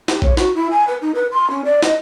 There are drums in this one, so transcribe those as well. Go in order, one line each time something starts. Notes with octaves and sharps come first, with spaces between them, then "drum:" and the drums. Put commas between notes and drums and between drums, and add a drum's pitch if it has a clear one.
G4, drum: snare
C#5, drum: kick A1
F#4, drum: snare
E4
G#5
B4
D#4
B4
C6
C#4
D5
D#5, drum: snare